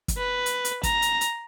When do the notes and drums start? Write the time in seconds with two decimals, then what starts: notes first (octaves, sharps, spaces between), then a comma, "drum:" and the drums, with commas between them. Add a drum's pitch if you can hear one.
0.08 drum: kick, hi-hat
0.18 B4
0.46 drum: hi-hat
0.65 drum: hi-hat
0.83 A#5, drum: kick, hi-hat
1.02 drum: hi-hat
1.21 drum: hi-hat